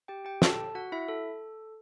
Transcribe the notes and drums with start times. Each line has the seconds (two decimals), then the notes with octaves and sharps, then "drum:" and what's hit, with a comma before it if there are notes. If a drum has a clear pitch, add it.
0.08 G4 G5
0.25 G4 G5
0.42 A4 A5, drum: snare
0.75 F#4 F#5
0.92 E4 E5
1.08 A4